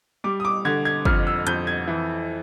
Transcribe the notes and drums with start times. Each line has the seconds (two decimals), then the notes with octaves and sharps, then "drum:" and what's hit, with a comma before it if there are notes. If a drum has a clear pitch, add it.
0.24 G3 D6
0.40 D#6
0.45 D6
0.65 D3 G#6
0.85 G#6
1.05 F2 F6, drum: kick
1.27 E6
1.47 F2 G6, drum: hi-hat
1.67 G#6
1.87 E3